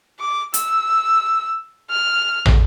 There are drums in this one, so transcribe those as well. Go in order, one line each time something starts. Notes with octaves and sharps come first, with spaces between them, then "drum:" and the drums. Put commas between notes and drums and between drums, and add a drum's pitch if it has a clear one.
D6
E6, drum: hi-hat
F6
drum: tom